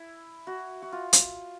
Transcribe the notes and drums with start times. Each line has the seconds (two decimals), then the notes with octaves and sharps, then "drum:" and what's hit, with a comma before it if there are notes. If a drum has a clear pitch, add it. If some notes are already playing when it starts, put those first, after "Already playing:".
Already playing: E4
0.47 F#4
0.82 F#4
0.93 F4
1.13 drum: hi-hat